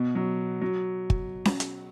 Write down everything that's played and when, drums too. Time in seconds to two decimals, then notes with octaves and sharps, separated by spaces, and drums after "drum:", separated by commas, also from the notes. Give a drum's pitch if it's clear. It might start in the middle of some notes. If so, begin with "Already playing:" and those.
Already playing: B2
0.15 F#3
0.62 F#3
1.10 drum: kick
1.45 drum: snare C#4
1.60 drum: hi-hat